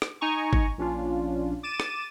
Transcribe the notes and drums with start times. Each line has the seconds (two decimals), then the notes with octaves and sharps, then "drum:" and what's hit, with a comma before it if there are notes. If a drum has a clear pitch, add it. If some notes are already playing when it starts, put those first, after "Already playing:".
0.02 drum: rim click
0.21 D#4 G#5 A#5 C#6
0.53 drum: kick G#1
0.78 A#1 C#4 D4 F4
1.63 D6 A6 D#7 E7
1.80 drum: rim click